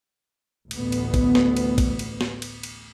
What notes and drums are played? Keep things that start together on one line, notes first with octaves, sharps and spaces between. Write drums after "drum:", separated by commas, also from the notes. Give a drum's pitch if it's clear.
A1 D2 B3, drum: cymbal
drum: cymbal
drum: kick, cymbal
drum: snare
drum: cymbal
drum: kick, cymbal
drum: cymbal
drum: snare
drum: cymbal
drum: cymbal